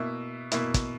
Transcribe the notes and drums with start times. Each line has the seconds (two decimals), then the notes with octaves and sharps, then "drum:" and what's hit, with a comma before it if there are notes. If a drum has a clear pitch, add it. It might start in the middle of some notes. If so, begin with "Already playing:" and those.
Already playing: B2 A#3 E4 E5
0.52 B2 A#3 E4, drum: hi-hat
0.74 drum: kick, hi-hat